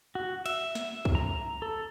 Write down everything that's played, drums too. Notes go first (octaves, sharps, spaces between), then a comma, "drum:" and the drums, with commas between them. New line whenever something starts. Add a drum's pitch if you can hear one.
F#4
E5, drum: cymbal
drum: snare
drum: kick
A#5
A4